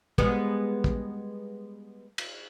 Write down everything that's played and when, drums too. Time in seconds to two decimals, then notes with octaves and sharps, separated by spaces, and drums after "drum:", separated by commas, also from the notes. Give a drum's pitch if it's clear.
0.18 G3 G#3 B3, drum: kick
0.84 drum: kick
2.18 drum: cymbal